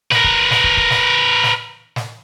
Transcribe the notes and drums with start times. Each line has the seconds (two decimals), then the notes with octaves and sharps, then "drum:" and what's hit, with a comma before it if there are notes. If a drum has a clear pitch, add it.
0.11 A#4 B4, drum: snare
0.24 drum: kick
0.51 drum: snare
0.64 drum: kick
0.77 drum: kick
0.90 drum: snare
1.43 drum: snare
1.96 drum: snare